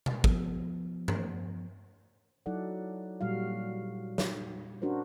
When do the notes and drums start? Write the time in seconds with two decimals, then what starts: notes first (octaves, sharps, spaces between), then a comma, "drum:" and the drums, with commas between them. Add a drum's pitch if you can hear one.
0.06 drum: tom B2
0.24 F3 B3, drum: kick G#1
1.08 drum: tom G2
2.46 F#3 D#4 E4 A4 D5 F#5
3.21 A#2 F#3 G3 F#4 F5
4.18 drum: snare
4.82 C#4 D4 F#4 A#4 C5